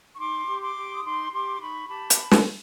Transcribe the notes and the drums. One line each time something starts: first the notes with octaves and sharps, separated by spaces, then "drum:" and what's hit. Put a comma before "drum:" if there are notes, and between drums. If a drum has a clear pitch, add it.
C#6
D#4 C6 D6
G4
C6 D6
G4
D#6
D#4 C6 D6
G4 C6 D6
D6
D#4 B5 C#6
G4 A5 B5
drum: hi-hat
drum: snare